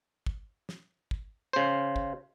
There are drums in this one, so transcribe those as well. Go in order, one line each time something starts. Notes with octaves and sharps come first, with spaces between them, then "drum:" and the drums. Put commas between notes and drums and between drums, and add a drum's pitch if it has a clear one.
drum: kick
drum: snare
drum: kick
C#3 C5
drum: kick